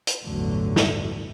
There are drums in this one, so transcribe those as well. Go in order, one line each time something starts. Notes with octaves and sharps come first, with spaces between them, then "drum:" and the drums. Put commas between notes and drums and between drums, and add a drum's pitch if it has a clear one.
drum: hi-hat
A1 E2 G2 D3 F#3 A3
drum: snare